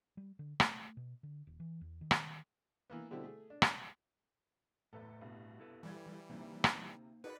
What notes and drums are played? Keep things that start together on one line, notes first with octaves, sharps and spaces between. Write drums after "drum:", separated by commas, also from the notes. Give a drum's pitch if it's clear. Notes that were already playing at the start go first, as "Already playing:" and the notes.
G3
D3
A3, drum: rim click
B2
D3
D#1
E3
E2
D#3
drum: rim click
E3 A#3 B3
B2 D3 G3 C4 E4
A3 G#4
D4
drum: rim click
F#1 E2 A2 A4 B4
C2 G2 B2
E4 A4 B4
A#1 E3 G3 G#6
D2 C3 A#3 D#4 C5
drum: rim click
D#4 F#4 G#4 A#4 B4 D5 F#5